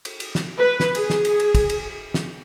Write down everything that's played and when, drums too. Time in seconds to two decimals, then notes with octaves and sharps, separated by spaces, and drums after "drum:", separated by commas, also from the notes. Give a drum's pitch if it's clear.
0.05 drum: cymbal
0.20 drum: cymbal
0.35 drum: snare
0.58 B4
0.80 drum: snare
0.95 G#4, drum: cymbal
1.10 drum: snare
1.25 drum: cymbal
1.40 drum: cymbal
1.55 drum: kick, cymbal
1.70 drum: cymbal
2.14 drum: snare